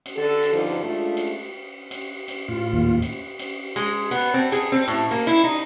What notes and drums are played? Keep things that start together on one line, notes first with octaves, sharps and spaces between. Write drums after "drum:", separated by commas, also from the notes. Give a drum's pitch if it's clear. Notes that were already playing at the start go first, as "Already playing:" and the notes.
drum: cymbal
D3 A4
drum: cymbal
G2 D3 F3 D4 D#4
G#3 A3 D4 F4
drum: cymbal
drum: cymbal
drum: cymbal
A2 F4
D#2 A#2
drum: cymbal
drum: cymbal
G#3, drum: cymbal
B3, drum: cymbal
C4
G#4, drum: cymbal
C4
A2, drum: cymbal
A#3
E4, drum: cymbal
D#4